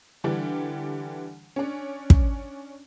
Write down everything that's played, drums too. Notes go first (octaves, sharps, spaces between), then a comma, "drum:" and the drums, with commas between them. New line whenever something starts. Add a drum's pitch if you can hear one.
D3 E3 G3 D4
C#4 D4
drum: kick